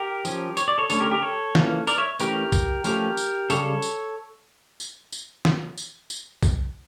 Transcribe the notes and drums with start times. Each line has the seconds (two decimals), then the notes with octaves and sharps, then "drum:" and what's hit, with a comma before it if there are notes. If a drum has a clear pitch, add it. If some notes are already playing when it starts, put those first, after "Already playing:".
Already playing: G4 A#4
0.25 F3 C#4, drum: tambourine
0.57 C#5, drum: tambourine
0.68 D5
0.78 A4 C#5
0.90 D3 A3 C#4 A4 C#5, drum: tambourine
1.00 G4 A#4
1.11 G4 A#4
1.22 A4 C#5
1.55 E3 A#3 C#4, drum: snare
1.87 A#4 D5, drum: tambourine
1.98 C#5 E5
2.19 E3 A3 C#4 G4 A#4, drum: tambourine
2.52 drum: kick, tambourine
2.84 F3 A3 C#4 G4 A#4, drum: tambourine
3.17 drum: tambourine
3.50 C#3 G3 A4 C#5, drum: tambourine
3.82 drum: tambourine
4.80 drum: tambourine
5.12 drum: tambourine
5.45 drum: snare
5.77 drum: tambourine
6.10 drum: tambourine
6.43 drum: kick, tambourine